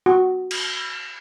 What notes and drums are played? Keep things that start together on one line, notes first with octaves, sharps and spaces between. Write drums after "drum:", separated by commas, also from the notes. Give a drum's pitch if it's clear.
F#4
drum: cymbal